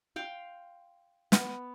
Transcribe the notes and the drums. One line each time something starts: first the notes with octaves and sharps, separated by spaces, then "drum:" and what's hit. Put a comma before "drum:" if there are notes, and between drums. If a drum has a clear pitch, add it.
F5 G5 C6
B3, drum: snare